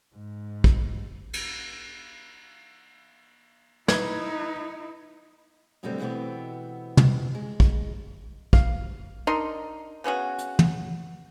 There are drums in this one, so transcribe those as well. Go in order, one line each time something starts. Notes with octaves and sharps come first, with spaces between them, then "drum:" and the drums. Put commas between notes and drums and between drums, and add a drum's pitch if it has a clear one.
G#2
drum: kick
drum: cymbal
D#4 E4 B4 G#6, drum: snare
F#2 B2 D3 G3 A3 C4
B2 E3 A3 B3 C4 G4
drum: tom
G#3
drum: kick
F5, drum: kick
D4 D#4 A#4 C6
C#3 B3 C#4 F#4
drum: hi-hat
drum: tom